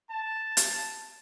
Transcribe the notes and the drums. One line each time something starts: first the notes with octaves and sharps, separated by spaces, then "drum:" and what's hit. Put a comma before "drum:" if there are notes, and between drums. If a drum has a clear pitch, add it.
A5
drum: hi-hat